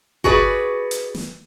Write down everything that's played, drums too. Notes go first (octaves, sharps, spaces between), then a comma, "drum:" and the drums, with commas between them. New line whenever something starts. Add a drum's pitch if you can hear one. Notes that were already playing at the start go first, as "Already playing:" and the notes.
F#4 G#4 B4 D5, drum: kick G1
drum: hi-hat
drum: snare